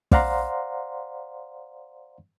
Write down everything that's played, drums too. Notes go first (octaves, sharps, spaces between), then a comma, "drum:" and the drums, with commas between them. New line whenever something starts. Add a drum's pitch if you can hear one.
C5 D5 F5 F#5 A#5 C6, drum: kick